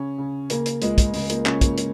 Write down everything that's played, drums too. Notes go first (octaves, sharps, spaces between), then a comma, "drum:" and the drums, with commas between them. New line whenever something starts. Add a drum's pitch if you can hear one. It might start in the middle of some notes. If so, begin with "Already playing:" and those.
Already playing: C#3 C#4
C#3
C#3 A#3, drum: hi-hat
drum: hi-hat
C#2 G#3, drum: hi-hat
drum: kick, hi-hat
C#3 G#3, drum: open hi-hat
A#3, drum: hi-hat
C#3 C#4, drum: clap
A#3, drum: kick, hi-hat
drum: hi-hat